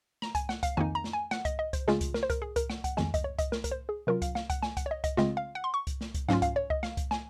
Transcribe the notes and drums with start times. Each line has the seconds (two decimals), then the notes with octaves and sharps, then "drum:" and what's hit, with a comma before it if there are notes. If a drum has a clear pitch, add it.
0.22 A#5, drum: snare
0.35 G#5, drum: kick C2, hi-hat
0.49 F#5, drum: snare
0.63 F5, drum: kick C2, hi-hat
0.77 F2 D#3 A#3 D#4 G#5
0.95 A#5
1.04 drum: snare
1.13 G#5
1.31 F#5, drum: snare
1.45 D#5, drum: kick C2, hi-hat
1.59 D#5
1.73 C5, drum: kick C2, hi-hat
1.88 C#3 G#3 C#4 F4 G#4, drum: snare
2.01 drum: kick C2, hi-hat
2.14 A#4, drum: snare
2.23 C5
2.30 A#4, drum: kick C2, hi-hat
2.42 G#4
2.56 A#4, drum: kick C2, hi-hat
2.70 F#5, drum: snare
2.84 F#5, drum: kick C2, hi-hat
2.97 F2 D#3 G#3 G#5, drum: snare
3.14 D#5, drum: kick C2, hi-hat
3.24 C#5
3.39 D#5, drum: kick C2, hi-hat
3.52 A#4, drum: snare
3.64 A#4, drum: kick C2, hi-hat
3.71 C5
3.89 G#4
4.07 C3 F#3 C#4 F4 A#4
4.22 F5, drum: kick C2, hi-hat
4.35 F5, drum: snare
4.50 F#5, drum: kick C2, hi-hat
4.62 G#5, drum: snare
4.77 F#5, drum: kick C2, hi-hat
4.86 C#5
4.91 D#5
5.04 D#5, drum: kick C2, hi-hat
5.17 C#3 G#3 C4 F4 D#5, drum: snare
5.37 F5
5.55 F#5
5.64 C6
5.74 C#6
5.87 drum: kick C2, hi-hat
6.01 drum: snare
6.15 drum: kick C2, hi-hat
6.29 G#2 F#3 C#4 F4 F5, drum: snare
6.42 F5, drum: kick C2, hi-hat
6.56 C#5
6.70 D#5, drum: kick C2
6.83 F5, drum: snare
6.97 drum: kick C2, hi-hat
7.11 G#5, drum: snare